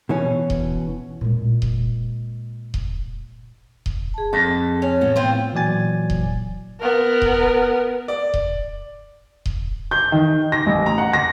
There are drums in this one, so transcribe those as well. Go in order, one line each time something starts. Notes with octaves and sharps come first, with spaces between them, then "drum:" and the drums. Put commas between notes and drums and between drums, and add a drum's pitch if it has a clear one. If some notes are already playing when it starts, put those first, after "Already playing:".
B2 E3 C#4
drum: kick D#1
A#2 G#3
drum: kick D#1
drum: kick D#1
drum: kick D#1
G#4 A5
F2 A4
C#4
A2 E3 B3
C4 F4
A#2 E3 F#3 D5 G#5 A6
drum: kick D#1
B3 A#4
drum: kick D#1
D5
drum: kick D#1
drum: kick D#1
G6
D#3
A#6
A1
A#5
F#5
A#6